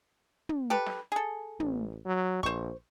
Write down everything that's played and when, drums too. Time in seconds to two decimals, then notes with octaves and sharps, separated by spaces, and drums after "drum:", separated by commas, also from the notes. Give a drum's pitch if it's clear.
0.49 drum: tom
0.70 G4 A4 B4
0.86 drum: snare
1.12 G#4 A4
1.60 A1, drum: tom
2.05 F#3
2.43 A#1 C5 C#6, drum: kick